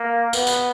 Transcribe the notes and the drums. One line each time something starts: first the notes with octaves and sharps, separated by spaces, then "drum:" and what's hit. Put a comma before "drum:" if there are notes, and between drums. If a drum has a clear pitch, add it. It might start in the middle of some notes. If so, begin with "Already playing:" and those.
Already playing: A#3
B3, drum: tambourine
drum: tambourine